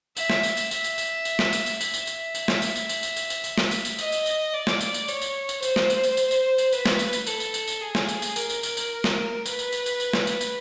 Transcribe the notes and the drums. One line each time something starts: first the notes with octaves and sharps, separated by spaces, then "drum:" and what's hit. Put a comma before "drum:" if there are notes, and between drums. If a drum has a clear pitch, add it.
E5, drum: tambourine
drum: snare
drum: tambourine
drum: tambourine
E5, drum: tambourine
drum: tambourine
drum: tambourine
drum: tambourine
drum: snare
drum: tambourine
drum: tambourine
E5, drum: tambourine
drum: tambourine
drum: tambourine
drum: tambourine
drum: snare
drum: tambourine
drum: tambourine
drum: tambourine
drum: tambourine
drum: tambourine
drum: tambourine
drum: tambourine
drum: snare
drum: tambourine
drum: tambourine
D#5, drum: tambourine
drum: tambourine
drum: tambourine
D5
drum: snare
drum: tambourine
drum: tambourine
C#5, drum: tambourine
drum: tambourine
drum: tambourine
C5, drum: tambourine
drum: snare
drum: tambourine
drum: tambourine
drum: tambourine
drum: tambourine
drum: tambourine
B4, drum: tambourine
drum: snare
drum: tambourine
drum: tambourine
A4, drum: tambourine
drum: tambourine
drum: tambourine
drum: tambourine
G#4
drum: snare
drum: tambourine
drum: tambourine
A#4, drum: tambourine
drum: tambourine
drum: tambourine
drum: tambourine
drum: snare
B4, drum: tambourine
drum: tambourine
drum: tambourine
drum: tambourine
drum: tambourine
drum: snare
drum: tambourine
drum: tambourine